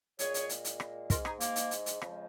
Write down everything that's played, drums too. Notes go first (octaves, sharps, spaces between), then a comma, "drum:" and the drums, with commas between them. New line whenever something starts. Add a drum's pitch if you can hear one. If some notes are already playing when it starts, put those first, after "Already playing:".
A#2 G#3 G#4 C#5, drum: hi-hat
drum: hi-hat
drum: hi-hat
drum: hi-hat
drum: rim click
G#2 G#3 F4 A#4, drum: kick, hi-hat
D#4 G#4, drum: rim click
A#3, drum: hi-hat
drum: hi-hat
drum: hi-hat
drum: hi-hat
F2 C#3 F3 G#3, drum: rim click